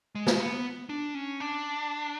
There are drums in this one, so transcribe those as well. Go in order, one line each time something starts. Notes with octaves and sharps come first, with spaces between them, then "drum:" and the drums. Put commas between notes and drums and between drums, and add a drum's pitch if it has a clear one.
G#3
drum: snare
B3
D4
C#4
D4